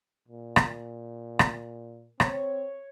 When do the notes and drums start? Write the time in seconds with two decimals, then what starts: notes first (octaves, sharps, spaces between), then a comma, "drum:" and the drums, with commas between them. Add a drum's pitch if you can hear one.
0.28 A#2
0.56 drum: rim click
1.39 drum: rim click
2.20 C4 C#5, drum: rim click